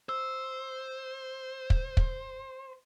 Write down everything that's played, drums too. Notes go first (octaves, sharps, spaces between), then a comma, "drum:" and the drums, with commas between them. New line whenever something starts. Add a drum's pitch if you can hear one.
C5 E6
drum: kick
drum: kick